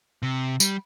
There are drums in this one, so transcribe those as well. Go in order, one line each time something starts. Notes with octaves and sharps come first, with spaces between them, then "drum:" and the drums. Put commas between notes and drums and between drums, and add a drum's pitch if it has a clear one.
C3
G3, drum: tambourine